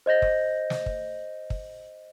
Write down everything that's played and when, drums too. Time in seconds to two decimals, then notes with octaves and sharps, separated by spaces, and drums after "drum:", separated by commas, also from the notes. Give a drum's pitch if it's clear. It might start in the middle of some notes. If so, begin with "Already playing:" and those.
0.06 C5 D#5 G6 A#6
0.22 drum: kick
0.70 drum: snare
0.86 drum: kick
1.50 drum: kick